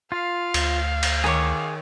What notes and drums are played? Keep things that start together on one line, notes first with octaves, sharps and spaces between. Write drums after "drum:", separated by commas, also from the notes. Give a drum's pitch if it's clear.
F4 F5
D2, drum: cymbal
drum: cymbal
D#3 G#4 C#5 D6